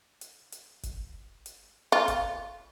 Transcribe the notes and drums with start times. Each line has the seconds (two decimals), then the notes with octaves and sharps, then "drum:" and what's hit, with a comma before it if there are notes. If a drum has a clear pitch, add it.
0.21 drum: hi-hat
0.52 drum: hi-hat
0.83 drum: kick G1, hi-hat
1.46 drum: hi-hat
1.92 F4
2.08 drum: kick G1, hi-hat